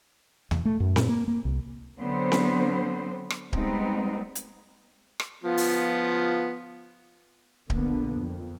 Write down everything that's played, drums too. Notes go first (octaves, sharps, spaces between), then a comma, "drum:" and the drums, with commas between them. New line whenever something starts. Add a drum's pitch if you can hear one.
E2, drum: tom
A3
F#2
A#2, drum: snare C4
A#3
A#3
C2
D3 F#3 B3 C4 C5
drum: snare C4
drum: rim click
G3 G#3 B3 C4 D#4, drum: kick D1
drum: hi-hat
drum: rim click
F3 B3 F4
drum: open hi-hat
A#1 D3 A#3 B3, drum: kick D1
F2